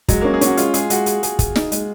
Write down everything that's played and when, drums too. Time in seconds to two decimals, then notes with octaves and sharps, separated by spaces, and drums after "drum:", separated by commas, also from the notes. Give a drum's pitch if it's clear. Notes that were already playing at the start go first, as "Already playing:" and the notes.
0.08 F#3 G#3, drum: kick, hi-hat
0.21 A#3 C#4
0.34 G#4
0.41 C#4 F#4, drum: hi-hat
0.57 G#3 F4, drum: hi-hat
0.74 G#3 G#4, drum: hi-hat
0.90 G#3 F#4, drum: hi-hat
1.06 G#4, drum: hi-hat
1.23 G#4, drum: hi-hat
1.39 G#4, drum: kick, hi-hat
1.56 D#4, drum: snare
1.72 G#3, drum: hi-hat